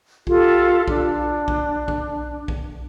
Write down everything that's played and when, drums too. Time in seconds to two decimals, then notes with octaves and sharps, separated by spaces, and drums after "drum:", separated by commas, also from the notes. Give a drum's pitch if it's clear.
0.27 F4 G4 A4, drum: kick B1
0.88 D4, drum: kick B1
1.48 drum: kick B1
1.88 drum: kick B1
2.48 drum: kick B1